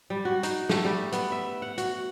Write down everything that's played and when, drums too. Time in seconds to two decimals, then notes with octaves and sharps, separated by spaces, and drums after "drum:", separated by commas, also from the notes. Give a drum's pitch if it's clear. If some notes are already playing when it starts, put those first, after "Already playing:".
0.10 G3
0.25 F#4
0.43 D#4, drum: hi-hat
0.69 A3, drum: snare
0.85 G3
1.12 B3, drum: hi-hat
1.32 E5
1.62 F#5
1.78 F#4, drum: hi-hat